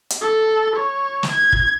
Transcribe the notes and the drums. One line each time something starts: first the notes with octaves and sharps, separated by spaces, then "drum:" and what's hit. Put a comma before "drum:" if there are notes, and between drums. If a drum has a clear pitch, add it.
drum: hi-hat
A4
C#5
drum: snare
G#6
drum: kick